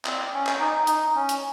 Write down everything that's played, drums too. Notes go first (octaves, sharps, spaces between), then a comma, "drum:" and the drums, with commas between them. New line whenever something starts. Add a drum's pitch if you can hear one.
C4, drum: clap
C#4
drum: clap
D#4
D#4, drum: hi-hat
C#4
drum: hi-hat